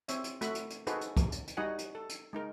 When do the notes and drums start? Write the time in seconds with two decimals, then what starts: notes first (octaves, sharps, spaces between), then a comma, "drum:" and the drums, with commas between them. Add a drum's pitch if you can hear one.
0.08 C4 C#5 E5, drum: hi-hat
0.24 drum: hi-hat
0.41 A3 F#4 E5 B5, drum: hi-hat
0.55 drum: hi-hat
0.70 drum: hi-hat
0.87 D#4 F#4 G#4 A4 B4 C5, drum: hi-hat
1.01 drum: hi-hat
1.17 drum: kick C#2, hi-hat
1.32 drum: hi-hat
1.47 drum: hi-hat
1.57 G3 D#4 F#4 D#5 F#5 G#5
1.78 drum: hi-hat
1.95 A4
2.09 drum: hi-hat
2.33 G#3 D#4 A#4